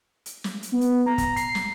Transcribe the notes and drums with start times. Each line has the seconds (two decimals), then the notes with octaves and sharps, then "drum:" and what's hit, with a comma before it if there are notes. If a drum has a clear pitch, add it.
0.26 drum: hi-hat
0.44 drum: snare
0.63 drum: hi-hat
0.72 B3
0.81 drum: hi-hat
1.06 A#5
1.18 drum: kick, hi-hat
1.36 C7, drum: hi-hat
1.55 drum: snare